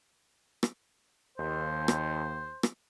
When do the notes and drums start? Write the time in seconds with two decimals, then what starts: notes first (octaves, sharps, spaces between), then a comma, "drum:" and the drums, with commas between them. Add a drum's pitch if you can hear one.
0.63 drum: rim click
1.38 D#2 C5
1.88 drum: rim click
2.63 drum: rim click